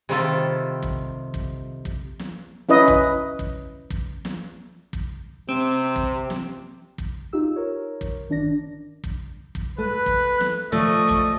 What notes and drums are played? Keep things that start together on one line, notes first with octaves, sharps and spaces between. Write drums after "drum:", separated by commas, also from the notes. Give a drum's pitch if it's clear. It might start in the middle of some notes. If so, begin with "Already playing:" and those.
C3 D#3 G3 E4 F4 A4
drum: kick
drum: kick
drum: kick
drum: snare
C#4 E4 B4 D#5
drum: kick
drum: kick
drum: kick
drum: snare
drum: kick
C3 C4
drum: kick
drum: snare
drum: kick
D#4 F4 G4 E6
A#4 C#5
drum: kick
G1 D#3 D4 D5 A#6
drum: kick
drum: kick
A3 B4 F#6
drum: kick
drum: snare
F3 A3 D5 D#5 C#6
drum: kick